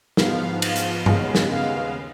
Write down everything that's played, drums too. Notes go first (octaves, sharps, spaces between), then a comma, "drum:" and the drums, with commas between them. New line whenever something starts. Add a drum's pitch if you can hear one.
G#2 F3 B3 F5, drum: snare
F5, drum: cymbal
drum: hi-hat
D#2 C#3 G#3 B3, drum: tom G2
drum: snare
F5